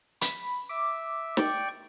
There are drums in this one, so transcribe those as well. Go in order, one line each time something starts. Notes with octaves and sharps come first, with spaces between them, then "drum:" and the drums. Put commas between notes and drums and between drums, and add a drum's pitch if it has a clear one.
B5, drum: hi-hat
E5 D6
D5 G5 C#6, drum: snare